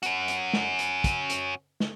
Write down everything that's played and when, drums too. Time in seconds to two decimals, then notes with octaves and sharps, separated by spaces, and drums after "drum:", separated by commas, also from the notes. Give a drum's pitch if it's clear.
0.03 C#4 F#4, drum: hi-hat
0.28 drum: hi-hat
0.53 drum: snare
0.79 drum: hi-hat
1.04 drum: kick, hi-hat
1.30 drum: hi-hat
1.80 drum: snare